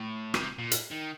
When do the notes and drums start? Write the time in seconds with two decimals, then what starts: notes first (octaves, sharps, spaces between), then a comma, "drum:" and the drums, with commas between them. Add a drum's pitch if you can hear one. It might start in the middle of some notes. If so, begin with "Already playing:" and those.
Already playing: A2
0.34 C3, drum: rim click
0.59 A#2
0.72 drum: hi-hat
0.91 D#3